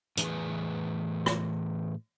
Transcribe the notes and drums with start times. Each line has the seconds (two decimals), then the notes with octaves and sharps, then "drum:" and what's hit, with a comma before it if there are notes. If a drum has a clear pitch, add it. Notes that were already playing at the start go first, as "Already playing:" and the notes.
0.17 A2 E3 G#4 B4 G#5, drum: hi-hat
1.26 drum: rim click